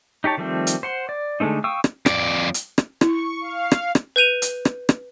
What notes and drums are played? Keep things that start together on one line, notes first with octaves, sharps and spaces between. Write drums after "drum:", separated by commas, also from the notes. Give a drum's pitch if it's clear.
D#4 G4 C#5 A5
D#3 F3 G3 A3 C4
drum: hi-hat
C5 F#5 C6
D5
D3 G#3 A3 C4 D#4
F5 G5 C#6 D#6 E6
drum: rim click
F2 D5, drum: rim click
drum: hi-hat
drum: rim click
E4 C#6, drum: rim click
F5
drum: rim click
drum: rim click
B4 G6 D#7 F7
drum: hi-hat
drum: rim click
drum: rim click